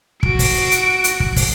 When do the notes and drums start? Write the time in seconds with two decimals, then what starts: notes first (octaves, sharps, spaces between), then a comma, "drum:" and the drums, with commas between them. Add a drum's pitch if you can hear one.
0.23 F#4 D7, drum: kick
0.39 drum: kick, open hi-hat
0.71 drum: hi-hat
1.04 drum: hi-hat
1.20 drum: kick
1.36 drum: kick, open hi-hat